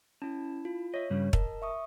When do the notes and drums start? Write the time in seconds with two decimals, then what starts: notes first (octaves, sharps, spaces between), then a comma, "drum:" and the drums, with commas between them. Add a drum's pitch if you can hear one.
0.22 C#4 E4 A5
0.65 F4
0.94 C#5 D#5 E5
1.10 G2 C#3 G3
1.33 A#4 D#5 A5, drum: kick
1.62 E5 C#6 D#6